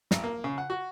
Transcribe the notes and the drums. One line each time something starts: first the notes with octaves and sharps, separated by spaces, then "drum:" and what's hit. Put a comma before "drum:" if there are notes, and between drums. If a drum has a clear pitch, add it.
G#1, drum: snare
A#3
C#3
F#5
F#4